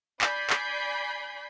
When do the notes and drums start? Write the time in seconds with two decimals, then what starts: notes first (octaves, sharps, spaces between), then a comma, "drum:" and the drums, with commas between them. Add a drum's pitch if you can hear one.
0.21 D5 G#5 B5 G6 B6 C7, drum: clap
0.50 drum: clap